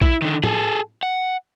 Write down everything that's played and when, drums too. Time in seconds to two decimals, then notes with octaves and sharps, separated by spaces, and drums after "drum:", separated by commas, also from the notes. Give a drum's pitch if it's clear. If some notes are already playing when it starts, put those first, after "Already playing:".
0.02 E4, drum: kick A#1
0.22 D3 D#3
0.44 G#4 A4, drum: tom
1.03 F#5